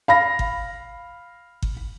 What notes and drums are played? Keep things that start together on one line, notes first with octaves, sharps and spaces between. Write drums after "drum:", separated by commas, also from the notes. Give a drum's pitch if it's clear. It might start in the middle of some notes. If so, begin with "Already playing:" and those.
F5 B5 A#6
drum: kick G1
drum: kick G1